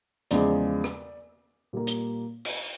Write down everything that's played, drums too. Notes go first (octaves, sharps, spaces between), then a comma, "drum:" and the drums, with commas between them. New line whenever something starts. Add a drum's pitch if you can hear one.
E2 C#3 F3 G#3 D5, drum: hi-hat
drum: rim click
A#2 G3 A#3
drum: hi-hat
drum: cymbal